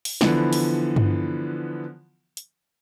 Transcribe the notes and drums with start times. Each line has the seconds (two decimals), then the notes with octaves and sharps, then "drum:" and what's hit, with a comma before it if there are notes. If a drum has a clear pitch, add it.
0.05 drum: open hi-hat
0.21 D3 E3 F3 B3, drum: snare
0.53 drum: open hi-hat
0.96 drum: tom G2
2.37 drum: hi-hat